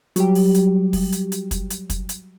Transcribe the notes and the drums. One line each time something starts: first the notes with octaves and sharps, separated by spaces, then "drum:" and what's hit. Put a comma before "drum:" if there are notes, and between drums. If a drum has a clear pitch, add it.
F#3 G3 G4, drum: hi-hat
drum: open hi-hat
drum: hi-hat
drum: kick, open hi-hat
drum: hi-hat
drum: hi-hat
drum: kick, hi-hat
drum: hi-hat
drum: kick, hi-hat
drum: hi-hat